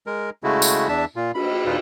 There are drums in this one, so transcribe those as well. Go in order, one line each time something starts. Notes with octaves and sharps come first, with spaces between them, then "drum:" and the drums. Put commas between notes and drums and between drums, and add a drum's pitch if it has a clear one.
G#3 A#4
C#3 G#3 A3 E4 F#4
drum: tambourine
E2 D4 E5 A5
A#2 F4
B5, drum: cymbal
D#2 A#2 D#4 F4 B4